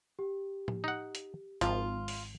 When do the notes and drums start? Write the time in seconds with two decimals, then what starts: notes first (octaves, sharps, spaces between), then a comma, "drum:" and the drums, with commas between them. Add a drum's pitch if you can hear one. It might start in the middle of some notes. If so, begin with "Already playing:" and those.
0.19 G4
0.68 drum: tom
0.84 D#4 F#5
1.15 drum: hi-hat
1.61 G#1 F3 F4, drum: hi-hat
2.08 drum: open hi-hat